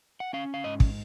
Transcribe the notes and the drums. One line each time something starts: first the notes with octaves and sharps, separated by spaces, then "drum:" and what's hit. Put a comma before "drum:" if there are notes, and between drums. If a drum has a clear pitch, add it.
F#5
C#4 F5
F5
G#2 D#5
drum: kick